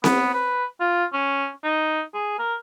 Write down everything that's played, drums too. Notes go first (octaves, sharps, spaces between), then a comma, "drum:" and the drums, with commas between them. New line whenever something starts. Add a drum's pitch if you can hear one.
B3, drum: snare C4
B4
F4
C#4
D#4
G#4
A#4